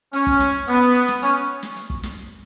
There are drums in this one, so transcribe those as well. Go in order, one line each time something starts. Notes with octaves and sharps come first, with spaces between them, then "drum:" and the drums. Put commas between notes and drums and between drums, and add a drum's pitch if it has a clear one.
C#4, drum: hi-hat
drum: kick
drum: snare
B3, drum: hi-hat
drum: hi-hat
drum: snare
C#4, drum: hi-hat
drum: snare
drum: hi-hat
drum: kick
drum: snare